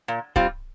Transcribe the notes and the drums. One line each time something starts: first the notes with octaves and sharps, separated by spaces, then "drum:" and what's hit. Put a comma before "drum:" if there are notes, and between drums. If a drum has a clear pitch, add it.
A#2
G3 C4 F4, drum: kick C#1